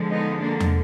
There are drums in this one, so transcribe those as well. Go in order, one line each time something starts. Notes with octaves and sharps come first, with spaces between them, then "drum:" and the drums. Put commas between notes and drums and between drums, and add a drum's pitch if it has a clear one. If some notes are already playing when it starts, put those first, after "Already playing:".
Already playing: D3 F3 G#3
B3 D#4
A#3 D4
drum: tom E2